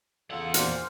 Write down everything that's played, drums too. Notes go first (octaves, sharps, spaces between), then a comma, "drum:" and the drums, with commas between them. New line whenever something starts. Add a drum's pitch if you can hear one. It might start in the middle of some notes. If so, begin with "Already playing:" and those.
E2 C#3 F4 A4 F#5
A#2 A#3 C5 F6, drum: hi-hat